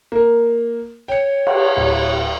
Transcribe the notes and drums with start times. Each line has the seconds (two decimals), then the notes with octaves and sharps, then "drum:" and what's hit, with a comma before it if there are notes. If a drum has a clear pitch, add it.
0.12 A#3 A#4
1.08 C#5 G5 C#7
1.47 drum: cymbal
1.77 D1